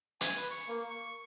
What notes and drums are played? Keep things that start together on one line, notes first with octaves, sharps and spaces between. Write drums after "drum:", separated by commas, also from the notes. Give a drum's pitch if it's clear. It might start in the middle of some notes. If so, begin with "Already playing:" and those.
G#5, drum: hi-hat
B4
C#6
A#3
C#6